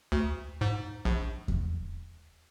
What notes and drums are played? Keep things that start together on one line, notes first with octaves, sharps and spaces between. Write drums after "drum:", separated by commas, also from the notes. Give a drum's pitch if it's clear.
D2
G#2
A#1
drum: kick E2